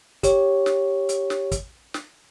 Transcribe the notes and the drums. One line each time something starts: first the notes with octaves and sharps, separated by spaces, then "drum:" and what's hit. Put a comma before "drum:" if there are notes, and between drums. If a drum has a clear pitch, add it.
G4 C#5, drum: kick, hi-hat
drum: snare
drum: hi-hat
drum: snare
drum: kick, hi-hat
drum: snare